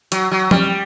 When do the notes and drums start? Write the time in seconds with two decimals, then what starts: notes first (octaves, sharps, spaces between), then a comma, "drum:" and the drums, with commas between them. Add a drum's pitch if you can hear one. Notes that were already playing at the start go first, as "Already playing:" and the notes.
0.12 F#3, drum: hi-hat
0.31 F#3
0.51 G3, drum: tom F3